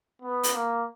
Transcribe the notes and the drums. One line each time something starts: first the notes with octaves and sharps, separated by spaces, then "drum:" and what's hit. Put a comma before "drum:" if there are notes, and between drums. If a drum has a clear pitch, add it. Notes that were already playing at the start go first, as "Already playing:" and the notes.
B3
drum: hi-hat
A#3